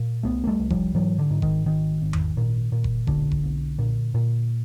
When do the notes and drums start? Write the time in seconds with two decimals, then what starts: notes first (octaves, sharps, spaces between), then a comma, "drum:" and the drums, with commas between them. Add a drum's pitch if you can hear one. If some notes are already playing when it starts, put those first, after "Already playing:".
Already playing: A#2
0.23 C2 A3 B3
0.44 A#3
0.47 G3 A3
0.59 C2
0.70 F3 G3, drum: kick F1
0.94 G#2 E3 F#3
1.19 D3
1.30 G#2
1.42 D#3, drum: kick F1
1.66 G#1 D#3
2.02 G#1
2.13 drum: tom E2
2.37 A#2
2.72 A#2
2.84 drum: kick F1
3.07 B1 D3, drum: kick F1
3.31 drum: kick F1
3.44 B1
3.79 A#2
4.14 A#2